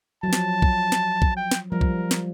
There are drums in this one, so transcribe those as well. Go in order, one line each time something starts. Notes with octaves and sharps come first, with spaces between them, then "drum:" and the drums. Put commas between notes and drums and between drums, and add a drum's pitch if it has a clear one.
F3 F#3 A5
drum: snare
drum: kick
drum: snare
drum: kick
G5
drum: snare
F3 G3 A#4
drum: kick
drum: snare